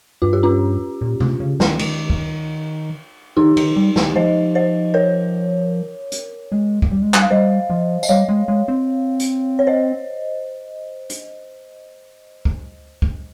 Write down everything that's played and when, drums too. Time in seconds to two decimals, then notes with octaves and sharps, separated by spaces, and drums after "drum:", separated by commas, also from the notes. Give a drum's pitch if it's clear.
0.22 G2 F4
0.33 G4
0.43 C#4 F4
1.01 A#2
1.20 C3, drum: tom C3
1.40 C#3
1.60 D#3, drum: snare
1.79 D#3, drum: cymbal
2.10 drum: kick
3.37 D#3 D#4 G4
3.57 D#3, drum: cymbal
3.76 G3
3.96 D#3, drum: snare
4.15 F3 C5 D#5
4.55 C5 D#5
4.94 A#4 C#5
6.12 drum: hi-hat
6.52 G#3
6.82 drum: kick
6.91 G3
7.02 G#3
7.14 G3, drum: clap
7.22 F5
7.31 G3 C5 D#5
7.70 F3
8.03 D#5, drum: tambourine
8.09 G3 C#5 F5
8.29 G#3
8.48 G#3
8.68 C4
9.20 drum: hi-hat
9.59 C#5
9.67 C5 D#5
11.10 drum: hi-hat
12.45 drum: kick
13.02 drum: kick